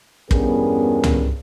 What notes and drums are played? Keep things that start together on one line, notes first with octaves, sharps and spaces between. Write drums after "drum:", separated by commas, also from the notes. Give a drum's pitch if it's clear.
E2 G2 B3 C#4 G#4 A#4, drum: kick
drum: tom